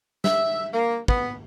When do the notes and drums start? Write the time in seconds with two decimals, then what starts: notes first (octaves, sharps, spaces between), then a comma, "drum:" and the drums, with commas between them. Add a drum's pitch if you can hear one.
0.24 E5, drum: snare
0.73 A#3
1.08 B3, drum: kick